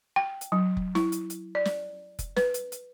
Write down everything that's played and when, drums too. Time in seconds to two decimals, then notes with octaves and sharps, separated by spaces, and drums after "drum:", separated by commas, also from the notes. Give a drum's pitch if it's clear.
0.16 G5
0.41 drum: hi-hat
0.52 F#3
0.77 drum: kick F1
0.95 E4, drum: snare
1.12 drum: hi-hat
1.30 drum: hi-hat
1.55 D5
1.65 drum: snare
2.19 drum: kick F1, hi-hat
2.36 B4, drum: snare
2.54 drum: hi-hat
2.72 drum: hi-hat